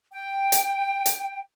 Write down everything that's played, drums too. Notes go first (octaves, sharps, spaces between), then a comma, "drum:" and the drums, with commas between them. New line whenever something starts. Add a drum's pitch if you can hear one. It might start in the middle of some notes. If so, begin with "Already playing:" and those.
G5
drum: hi-hat
drum: hi-hat